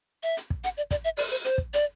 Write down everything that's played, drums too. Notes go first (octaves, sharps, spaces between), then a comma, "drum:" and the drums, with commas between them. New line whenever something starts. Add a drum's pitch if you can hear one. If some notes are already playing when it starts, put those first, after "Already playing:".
E5
drum: hi-hat
drum: kick
F#5, drum: hi-hat
D5
D5, drum: kick, hi-hat
E5
D5, drum: open hi-hat
C5
C5, drum: hi-hat
drum: kick
D5, drum: hi-hat